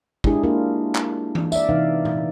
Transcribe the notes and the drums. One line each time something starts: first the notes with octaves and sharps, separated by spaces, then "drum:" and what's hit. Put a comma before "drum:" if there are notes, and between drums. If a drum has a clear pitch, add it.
G#3 D4 E4 G4 G#4, drum: kick
A#3 D4 F4 G4 G#4 A#4
drum: clap
drum: tom E3
D5 E5, drum: tambourine
C3 E3 D#4 F5
drum: tom A#2